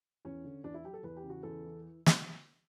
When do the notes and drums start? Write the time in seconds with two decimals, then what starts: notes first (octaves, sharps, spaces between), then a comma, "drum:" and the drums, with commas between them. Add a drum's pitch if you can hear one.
0.25 E2 C#4
0.44 D3
0.64 E2 D4
0.74 E4
0.84 F#3 G4
0.94 A4
1.03 E2 B4
1.17 G4
1.23 C#3
1.30 F#4
1.43 E2 A4
1.63 E3
2.06 drum: snare